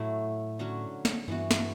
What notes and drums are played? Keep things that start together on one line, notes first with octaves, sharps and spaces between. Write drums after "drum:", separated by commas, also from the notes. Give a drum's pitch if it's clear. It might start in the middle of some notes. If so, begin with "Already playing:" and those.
Already playing: A2 F#3 A3 E4
D3 F#3 C#4 F#4
drum: snare
G2 E3 B3 F#4
drum: snare